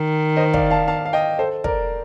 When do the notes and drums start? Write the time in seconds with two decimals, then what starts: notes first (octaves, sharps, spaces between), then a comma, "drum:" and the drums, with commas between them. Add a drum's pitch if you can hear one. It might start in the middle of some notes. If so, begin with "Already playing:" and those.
Already playing: D#3
0.36 C5 D#5
0.54 D5 F5, drum: kick
0.71 F5 A5
0.88 F5 A5
1.06 F5
1.13 D#5 G5
1.39 A4 C5
1.64 A#4 D5, drum: kick